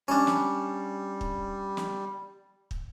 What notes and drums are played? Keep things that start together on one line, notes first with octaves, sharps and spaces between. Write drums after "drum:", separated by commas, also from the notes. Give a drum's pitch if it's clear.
G3 C#4 D4
drum: snare
drum: kick
drum: snare
drum: kick